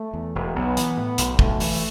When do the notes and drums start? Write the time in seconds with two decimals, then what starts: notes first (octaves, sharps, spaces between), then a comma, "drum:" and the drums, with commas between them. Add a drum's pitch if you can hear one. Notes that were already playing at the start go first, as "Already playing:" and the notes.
Already playing: A3
0.14 E2
0.35 E1
0.56 B1 B3
0.77 E3, drum: hi-hat
0.98 A2
1.18 B1, drum: hi-hat
1.39 B1 A3, drum: kick
1.60 E3, drum: open hi-hat